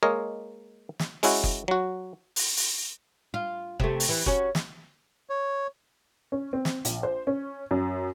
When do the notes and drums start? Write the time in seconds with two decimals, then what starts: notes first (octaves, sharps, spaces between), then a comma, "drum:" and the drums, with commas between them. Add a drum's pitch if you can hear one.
0.03 G#3 A#3 A#4 C#5 D#5
0.99 drum: snare
1.23 G#3 C#4 E4 F#4, drum: open hi-hat
1.44 drum: kick F#1
1.68 F#3 F#4
2.36 drum: open hi-hat
2.57 drum: open hi-hat
3.34 F4
3.80 C3 A3, drum: kick F#1
4.00 drum: open hi-hat
4.09 E3
4.26 C#4 F#4, drum: kick F#1
4.55 drum: snare
5.30 C#5
6.32 C#4
6.53 C4
6.65 drum: snare
6.85 A#1, drum: hi-hat
7.03 C5
7.27 C#4
7.71 F#2